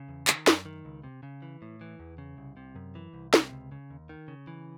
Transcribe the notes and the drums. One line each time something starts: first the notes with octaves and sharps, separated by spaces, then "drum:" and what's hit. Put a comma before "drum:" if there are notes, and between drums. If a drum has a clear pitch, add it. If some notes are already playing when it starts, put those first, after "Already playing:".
Already playing: C#3
E2
D#3, drum: clap
F#2, drum: snare
D#3
C#2
C3
C#3
E3
A2
E3
E2
C#3
C2
C3
F#2
E3
C2
C3, drum: snare
C#2
C#3
D#2
D#3
C#3
E3